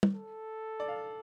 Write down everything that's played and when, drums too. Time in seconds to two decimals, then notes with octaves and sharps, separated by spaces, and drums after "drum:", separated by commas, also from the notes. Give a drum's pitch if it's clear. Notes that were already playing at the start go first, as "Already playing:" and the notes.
0.03 drum: tom
0.14 A4
0.80 D5
0.88 F5